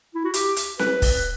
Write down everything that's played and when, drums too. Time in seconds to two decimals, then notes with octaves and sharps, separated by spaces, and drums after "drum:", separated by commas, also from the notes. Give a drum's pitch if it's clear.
0.15 E4
0.25 F#4
0.34 G4, drum: hi-hat
0.56 drum: hi-hat
0.79 B4, drum: snare C4
1.02 drum: kick, open hi-hat